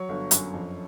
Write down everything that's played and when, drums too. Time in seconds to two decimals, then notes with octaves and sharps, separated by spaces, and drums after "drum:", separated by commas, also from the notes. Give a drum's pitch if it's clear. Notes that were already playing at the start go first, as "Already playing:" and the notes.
Already playing: F#3 C#5 C#6
0.09 G1
0.31 F#2, drum: hi-hat
0.54 F2